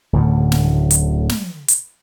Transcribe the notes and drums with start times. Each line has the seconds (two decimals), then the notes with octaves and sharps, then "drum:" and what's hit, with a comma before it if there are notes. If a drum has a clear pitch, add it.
0.13 D1 D2 A2 C#3
0.52 drum: snare
0.91 drum: hi-hat
1.29 drum: snare
1.68 drum: hi-hat